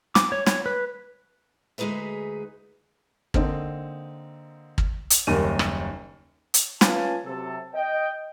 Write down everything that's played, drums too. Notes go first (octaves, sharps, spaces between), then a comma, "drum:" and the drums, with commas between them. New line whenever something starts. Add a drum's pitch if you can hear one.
D6, drum: snare
C#5
C#5, drum: snare
B4
D2 G#3 D#4 G#4 B4 E5
D3 A#3 C4 D#4, drum: kick
drum: kick
drum: hi-hat
F#1 D#2 D#3 G3 D#7
drum: rim click
drum: hi-hat
C#4 F4 B4 F5 G#5 A5, drum: snare
C3 F#3 A4
D#5 G5